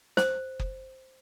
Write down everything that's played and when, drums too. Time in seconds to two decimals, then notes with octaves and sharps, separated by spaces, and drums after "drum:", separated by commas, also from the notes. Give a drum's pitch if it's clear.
0.17 C5, drum: snare
0.60 drum: kick F#1